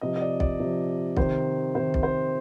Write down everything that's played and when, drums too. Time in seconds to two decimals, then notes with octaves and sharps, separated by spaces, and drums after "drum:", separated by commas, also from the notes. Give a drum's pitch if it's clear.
0.01 C3 F3 D#5
0.16 D#5
0.21 D5
0.40 D5, drum: kick B1
0.60 C3 F3
1.17 C3 D#3 C5, drum: kick B1
1.75 C3 D#3 C5
1.94 drum: kick B1
2.03 C5